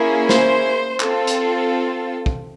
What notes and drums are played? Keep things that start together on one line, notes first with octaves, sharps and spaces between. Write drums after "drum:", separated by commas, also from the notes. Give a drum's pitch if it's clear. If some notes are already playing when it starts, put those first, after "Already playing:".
Already playing: A#3 C#4 E4 G#4
C5, drum: snare
C4 F4 A4, drum: clap
drum: hi-hat
drum: kick